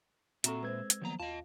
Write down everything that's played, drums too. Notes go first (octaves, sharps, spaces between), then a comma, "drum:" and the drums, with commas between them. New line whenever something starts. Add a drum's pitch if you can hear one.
A#2 C4 F#4 A4 E5 A#5 C#6, drum: hi-hat
G#3 B4 C5 E6 G#6
drum: hi-hat
D#3 F3 F#3 A#3 B3 A#5
D#2 F4 D#5 F5 A5